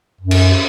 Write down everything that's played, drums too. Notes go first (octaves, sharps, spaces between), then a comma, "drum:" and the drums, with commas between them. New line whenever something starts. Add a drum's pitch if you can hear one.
F#2
drum: cymbal